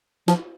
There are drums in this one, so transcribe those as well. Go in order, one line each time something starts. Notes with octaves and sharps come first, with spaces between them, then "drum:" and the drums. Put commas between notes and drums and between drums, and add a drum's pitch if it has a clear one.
F3, drum: snare